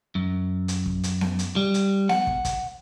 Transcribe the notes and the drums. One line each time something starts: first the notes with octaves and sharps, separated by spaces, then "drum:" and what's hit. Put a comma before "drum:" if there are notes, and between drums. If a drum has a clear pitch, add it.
F#2
drum: hi-hat
drum: kick
drum: hi-hat
drum: snare B3
drum: hi-hat
G3
drum: hi-hat
F#5, drum: snare B3
drum: kick
drum: kick, hi-hat